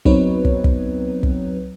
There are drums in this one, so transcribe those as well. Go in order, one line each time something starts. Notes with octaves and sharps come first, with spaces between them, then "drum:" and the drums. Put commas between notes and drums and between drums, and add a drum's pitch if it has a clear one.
F#3 B3 C4 D#4 B4 C#5, drum: kick
drum: kick
drum: kick
drum: kick